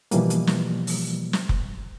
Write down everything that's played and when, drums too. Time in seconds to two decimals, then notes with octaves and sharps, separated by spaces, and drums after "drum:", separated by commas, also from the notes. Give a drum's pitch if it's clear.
0.11 B2 E3 F3 G3 A#3, drum: hi-hat
0.30 drum: hi-hat
0.47 drum: snare
0.87 drum: open hi-hat
1.33 drum: snare
1.49 drum: kick F1